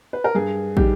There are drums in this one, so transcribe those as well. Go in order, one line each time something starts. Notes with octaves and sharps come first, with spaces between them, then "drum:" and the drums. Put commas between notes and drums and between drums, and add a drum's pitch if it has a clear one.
B4
A#4
G2 G#4
D#3 G3 G4, drum: kick